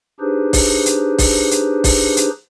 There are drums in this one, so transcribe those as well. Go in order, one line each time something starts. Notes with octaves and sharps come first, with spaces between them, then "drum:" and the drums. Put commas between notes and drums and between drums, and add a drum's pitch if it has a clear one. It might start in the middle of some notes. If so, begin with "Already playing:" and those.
D4 D#4 G4 G#4 B4 C5
drum: kick, open hi-hat
drum: hi-hat
drum: kick, open hi-hat
drum: hi-hat
drum: kick, open hi-hat
drum: hi-hat